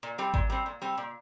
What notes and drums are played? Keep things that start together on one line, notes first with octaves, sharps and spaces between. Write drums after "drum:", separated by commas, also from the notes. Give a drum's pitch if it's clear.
A#2
G3 C4
A#2, drum: kick G#1
G3 C4
A#2
G3 C4
A#2